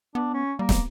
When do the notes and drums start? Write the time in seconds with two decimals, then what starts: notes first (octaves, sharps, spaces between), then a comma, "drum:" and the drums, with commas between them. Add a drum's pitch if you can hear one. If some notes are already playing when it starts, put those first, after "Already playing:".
0.15 B3 D4
0.34 C#4
0.59 G3 A#3
0.69 drum: snare